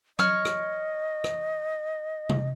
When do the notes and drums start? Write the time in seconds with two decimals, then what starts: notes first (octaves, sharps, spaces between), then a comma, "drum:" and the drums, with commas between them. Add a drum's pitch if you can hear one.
0.19 C#5 D#5 F6, drum: tom F#3
0.45 drum: rim click
1.24 drum: rim click
2.29 drum: tom C3